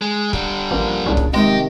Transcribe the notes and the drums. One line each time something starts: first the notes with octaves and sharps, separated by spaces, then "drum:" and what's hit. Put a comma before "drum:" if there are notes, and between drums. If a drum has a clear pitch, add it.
G#3
D3 G3, drum: kick C#1
A1 F3 A#3
C2 A#2 C#3 D4
drum: kick C#1
C3 D#3 G#3 G4 D#5